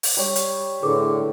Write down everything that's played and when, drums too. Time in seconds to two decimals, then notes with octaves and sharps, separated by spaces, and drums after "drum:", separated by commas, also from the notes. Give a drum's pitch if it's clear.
0.03 drum: open hi-hat
0.17 G3 C#5
0.35 drum: hi-hat
0.82 A2 D3 G#4 B4 D6